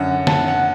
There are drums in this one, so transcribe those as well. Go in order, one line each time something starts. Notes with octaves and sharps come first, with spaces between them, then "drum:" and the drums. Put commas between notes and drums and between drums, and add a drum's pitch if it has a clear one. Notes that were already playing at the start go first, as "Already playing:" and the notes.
Already playing: F#2 D3 F#5
A5, drum: snare
F#5